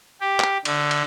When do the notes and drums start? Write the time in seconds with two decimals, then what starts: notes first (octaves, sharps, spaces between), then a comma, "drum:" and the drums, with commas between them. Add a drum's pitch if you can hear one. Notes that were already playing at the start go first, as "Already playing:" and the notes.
0.21 G4
0.40 drum: clap
0.65 D3, drum: cymbal
0.91 drum: cymbal